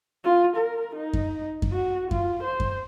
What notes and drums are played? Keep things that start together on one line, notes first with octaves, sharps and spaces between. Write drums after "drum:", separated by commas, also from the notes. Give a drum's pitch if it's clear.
F4
A#4
D#4
drum: kick F#2
drum: kick F#2
F#4
F4, drum: kick F#2
C5
drum: kick F#2